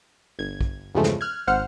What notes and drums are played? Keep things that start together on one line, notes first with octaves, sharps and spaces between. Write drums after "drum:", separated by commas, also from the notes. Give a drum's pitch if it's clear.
G1 G#6
drum: kick
E2 G2 C#3 F3 G#3 A3
drum: snare
F6 F#6 G#6
G#1 C5 F#5 F6 C#7